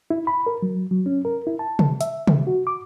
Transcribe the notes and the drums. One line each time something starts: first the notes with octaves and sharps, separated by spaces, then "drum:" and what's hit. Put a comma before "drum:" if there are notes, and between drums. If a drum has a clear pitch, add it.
E4
B5
A#4
F#3
F#3
C#4
A#4
E4
A5
drum: tom
E5, drum: hi-hat
drum: tom
F#4
D6